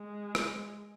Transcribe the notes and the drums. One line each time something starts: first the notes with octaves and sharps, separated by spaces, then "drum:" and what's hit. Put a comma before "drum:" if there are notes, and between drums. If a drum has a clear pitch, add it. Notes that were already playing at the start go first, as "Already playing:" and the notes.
Already playing: G#3
drum: rim click